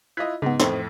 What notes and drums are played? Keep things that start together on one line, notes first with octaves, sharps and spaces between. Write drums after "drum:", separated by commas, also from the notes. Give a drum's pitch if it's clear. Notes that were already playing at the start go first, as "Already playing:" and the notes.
E4 F4 D#5 F#6 G#6 B6
G#2 C#3 B3
F2 A2 D#3 E3 C4 C6, drum: snare